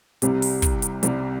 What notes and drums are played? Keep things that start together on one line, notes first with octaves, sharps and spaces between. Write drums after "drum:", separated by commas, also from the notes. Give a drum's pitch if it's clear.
C2 C3 G3, drum: hi-hat
drum: open hi-hat
drum: kick, hi-hat
drum: hi-hat
C2 C3 G3, drum: hi-hat